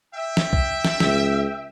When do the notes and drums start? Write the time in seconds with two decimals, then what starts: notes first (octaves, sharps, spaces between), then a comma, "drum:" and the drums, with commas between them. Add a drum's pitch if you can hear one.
0.15 E5 G5
0.37 drum: snare
0.53 drum: kick C2
0.85 drum: snare
1.00 C#2, drum: snare